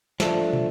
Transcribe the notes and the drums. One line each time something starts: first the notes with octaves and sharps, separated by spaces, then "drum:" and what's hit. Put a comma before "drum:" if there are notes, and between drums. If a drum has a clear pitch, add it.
F3 A3 D4, drum: snare
drum: tom